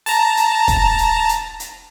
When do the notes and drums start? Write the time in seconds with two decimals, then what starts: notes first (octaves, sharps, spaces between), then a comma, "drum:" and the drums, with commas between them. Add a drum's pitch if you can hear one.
0.06 A5 A#5, drum: open hi-hat
0.37 drum: hi-hat
0.68 drum: kick, hi-hat
0.98 drum: hi-hat
1.29 drum: hi-hat
1.60 drum: hi-hat